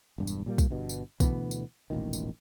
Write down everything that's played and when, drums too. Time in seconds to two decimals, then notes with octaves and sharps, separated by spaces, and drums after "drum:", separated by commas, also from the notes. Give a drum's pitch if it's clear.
0.18 E1 G2
0.27 drum: tambourine
0.46 A#2 G3 A#3
0.58 drum: kick, tambourine
0.70 G1 G2 B2
0.89 drum: tambourine
1.20 D2 B2 E3 B3, drum: kick, tambourine
1.51 drum: tambourine
1.90 E1 A1 A#2 D#3
2.13 drum: tambourine